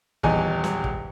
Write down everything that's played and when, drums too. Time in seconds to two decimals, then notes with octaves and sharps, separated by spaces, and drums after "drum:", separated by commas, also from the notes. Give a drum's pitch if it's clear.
0.23 D#1 E2 D#4 D5 G#5, drum: kick
0.64 drum: snare
0.84 drum: kick